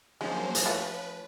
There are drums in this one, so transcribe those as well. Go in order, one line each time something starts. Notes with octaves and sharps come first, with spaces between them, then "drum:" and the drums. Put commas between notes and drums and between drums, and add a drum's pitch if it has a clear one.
F3 F#3 G#3 A#3 C#4 C5
drum: hi-hat
A3 F4 B4 C#5